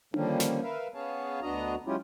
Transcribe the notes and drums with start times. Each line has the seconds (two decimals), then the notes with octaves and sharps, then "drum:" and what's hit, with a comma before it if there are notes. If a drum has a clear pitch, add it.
0.14 D3 D#3 F3 G3 A#3 C#4, drum: tom D4
0.40 drum: snare
0.63 A#4 B4 E5 F5
0.94 B3 C#4 G#4 C#5 F5 A5
1.42 D2 B3 D4 F#4 D#5 A#5
1.86 F#3 G#3 C#4 E4 F4 G4